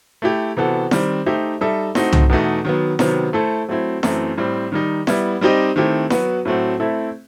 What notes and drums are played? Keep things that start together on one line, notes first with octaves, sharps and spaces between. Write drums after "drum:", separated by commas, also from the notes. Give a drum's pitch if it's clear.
A3 E4 G4
C3 E3 B3 F#4 A4
D#3 G3 C4, drum: snare E4
A3 D#4 G4 C5 E5
G3 D#4 A4 E5
A3 C4 D#4 F#4, drum: snare E4
drum: tom C2
E2 B2 A3 D#4
D#3 F#3 B3
C3 D#3 F#3 B3, drum: snare E4
A3 E4 A4 C5
F#3 A3 C4 E4
F#2 E3 A3 C4, drum: snare E4
A2 G3 C4
D#3 G3 D#4
G3 B3 E4, drum: snare E4
G3 C4 D#4 G4 D#5
D#3 A3 C4 E4 G4
F#3 B3 F#4 B4, drum: snare E4
A2 F#3 A3 C4 F#4
A3 C4 E4 A4 E5